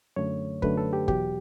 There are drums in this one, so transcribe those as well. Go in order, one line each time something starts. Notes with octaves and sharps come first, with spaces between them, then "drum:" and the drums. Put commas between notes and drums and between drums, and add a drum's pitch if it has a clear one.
F#2 D3 A3 C#5
F#2 D3 A3 B4, drum: kick
A4
G4
E2 B2 F#3 G4, drum: kick